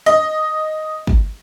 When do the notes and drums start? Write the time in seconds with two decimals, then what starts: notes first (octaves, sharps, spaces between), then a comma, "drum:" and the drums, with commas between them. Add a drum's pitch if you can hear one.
0.06 D#5, drum: hi-hat
1.07 drum: kick